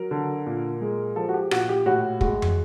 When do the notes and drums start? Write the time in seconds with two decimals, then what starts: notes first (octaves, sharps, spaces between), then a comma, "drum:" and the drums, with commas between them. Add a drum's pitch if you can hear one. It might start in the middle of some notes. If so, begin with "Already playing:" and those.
Already playing: F#3 A#4
0.11 D3
0.47 A#2
0.81 G#3
1.16 F3 A4
1.29 F#4
1.34 G4
1.51 A#2 F#4, drum: rim click
1.69 G4
1.86 A2 F#4
2.21 G#3 F#4, drum: kick
2.42 drum: tom